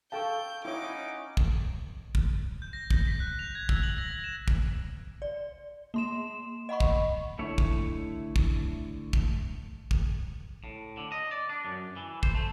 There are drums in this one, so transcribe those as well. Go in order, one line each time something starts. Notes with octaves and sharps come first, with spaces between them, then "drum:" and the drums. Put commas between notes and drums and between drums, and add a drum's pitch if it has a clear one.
A4 F5 G5 A5 C#6 G6
C#4 D#4 E4 C#5 F#5 D6
drum: kick
drum: kick
G6
A#6
G6, drum: kick
B6
F#6
F7
G#6
E6, drum: kick
F#7
A#6
E7
drum: kick
D5
A#3 C6 E7
D#5 F#5 B5 C#6
drum: kick
D3 A3 E4 C#5 E5
drum: kick
drum: kick
drum: kick
drum: kick
A2
D3
D#5
D5
D4
F#2
E3
C5, drum: kick
A3